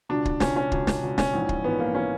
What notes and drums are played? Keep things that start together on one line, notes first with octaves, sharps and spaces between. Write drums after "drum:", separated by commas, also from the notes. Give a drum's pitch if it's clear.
C#2 B2 D4
drum: kick
C#2 B2 C#4, drum: snare
C#4
C#2 B2, drum: kick
drum: snare
C#2 B2
C#4, drum: snare
A#1 G#2 E3
drum: kick
A#1 G#2 E3 B3
A#3
E3 C#4